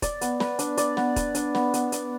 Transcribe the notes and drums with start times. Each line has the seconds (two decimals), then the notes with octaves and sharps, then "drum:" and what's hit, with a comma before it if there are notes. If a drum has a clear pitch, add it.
0.02 D5, drum: kick, hi-hat
0.21 B3, drum: hi-hat
0.40 B4, drum: snare
0.59 D4, drum: hi-hat
0.77 D5, drum: hi-hat
0.97 B3, drum: snare
1.16 B4, drum: kick, hi-hat
1.35 D4, drum: hi-hat
1.55 B3, drum: snare
1.74 B3, drum: hi-hat
1.92 D5, drum: hi-hat